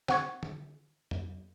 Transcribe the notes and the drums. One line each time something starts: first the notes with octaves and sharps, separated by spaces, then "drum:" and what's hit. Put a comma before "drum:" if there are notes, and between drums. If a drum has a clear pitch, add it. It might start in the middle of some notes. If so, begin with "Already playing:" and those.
C4 F#5 C#6 G#6, drum: snare
drum: tom D3
drum: tom F2